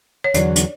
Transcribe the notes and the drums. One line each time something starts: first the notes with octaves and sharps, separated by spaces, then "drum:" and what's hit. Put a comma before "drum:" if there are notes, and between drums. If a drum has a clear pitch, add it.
C#5
E2 D3 F#3 D5, drum: hi-hat
drum: hi-hat